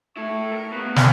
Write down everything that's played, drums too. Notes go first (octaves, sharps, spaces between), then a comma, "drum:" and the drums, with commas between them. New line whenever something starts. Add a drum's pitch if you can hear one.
A3 E4 A4 C#6
A3
A#4
G3 A#3 B3 B4
C4, drum: snare